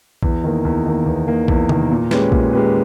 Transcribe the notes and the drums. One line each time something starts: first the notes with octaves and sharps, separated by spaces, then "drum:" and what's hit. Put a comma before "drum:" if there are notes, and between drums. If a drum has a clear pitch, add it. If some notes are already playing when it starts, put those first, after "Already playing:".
E2, drum: kick A#1
D#3 A#3
E2
D#3 A#3
E2
D#3 A#3
E2, drum: kick A#1
D#3 A#3, drum: tom C3
A#2
G#3 C#4 G4 B4, drum: snare
A#2, drum: kick A#1
G#3 C#4 G4 B4